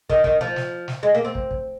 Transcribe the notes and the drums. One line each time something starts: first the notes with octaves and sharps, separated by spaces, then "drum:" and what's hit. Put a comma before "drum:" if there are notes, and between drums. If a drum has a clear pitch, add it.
D#3, drum: kick
D#3, drum: kick
F3
drum: snare
drum: snare
G#3
A#3
C4
drum: kick
drum: kick